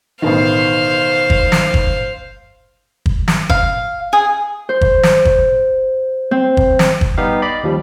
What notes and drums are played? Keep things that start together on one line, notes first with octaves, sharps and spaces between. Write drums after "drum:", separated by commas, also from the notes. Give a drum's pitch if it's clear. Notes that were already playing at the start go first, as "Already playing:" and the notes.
A1 B2 D#3 C5 F5
drum: kick
drum: snare
drum: kick
drum: kick
drum: snare
F5, drum: kick
G#4
C5
drum: kick
drum: snare
drum: kick
C4
drum: kick
drum: snare
drum: kick
G3 B3 D#4 G4 F5
D5 D#5 B5
D#2 F3 G3